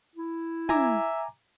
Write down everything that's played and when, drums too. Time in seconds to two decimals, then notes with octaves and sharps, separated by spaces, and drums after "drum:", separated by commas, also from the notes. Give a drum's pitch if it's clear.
0.16 E4
0.69 E5 G#5 A#5 D6, drum: tom